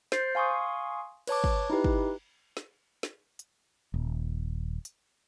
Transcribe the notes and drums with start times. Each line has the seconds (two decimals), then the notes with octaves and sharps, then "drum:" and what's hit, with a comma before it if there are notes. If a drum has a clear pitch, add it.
0.12 C5 G6 A6 C7, drum: snare
0.35 F5 G#5 C6 C#6 D#6
1.27 B4 C#5 A5 D6, drum: cymbal
1.44 drum: kick
1.70 D#4 E4 G4 B4
1.84 drum: kick
2.57 drum: snare
3.03 drum: snare
3.39 drum: hi-hat
3.94 D#1
4.85 drum: hi-hat